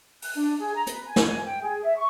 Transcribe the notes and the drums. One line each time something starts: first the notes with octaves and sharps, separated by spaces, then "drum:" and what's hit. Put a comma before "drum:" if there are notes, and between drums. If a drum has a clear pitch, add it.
F#6, drum: open hi-hat
D4
G#4
A#5
B4, drum: hi-hat
G#5
drum: snare
G#5
G5
G#4
E5
C#6